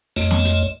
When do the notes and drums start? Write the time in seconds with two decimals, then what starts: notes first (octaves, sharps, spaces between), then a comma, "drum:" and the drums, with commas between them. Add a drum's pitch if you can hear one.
0.16 F2 A3 C#5 D#5, drum: open hi-hat
0.31 drum: snare
0.45 drum: hi-hat